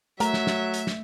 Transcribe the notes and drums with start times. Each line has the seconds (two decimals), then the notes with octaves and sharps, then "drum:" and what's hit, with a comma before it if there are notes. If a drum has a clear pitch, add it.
0.20 F#3 A3 A#4 E5 A#5, drum: hi-hat
0.34 drum: snare
0.47 drum: snare
0.74 drum: hi-hat
0.87 drum: snare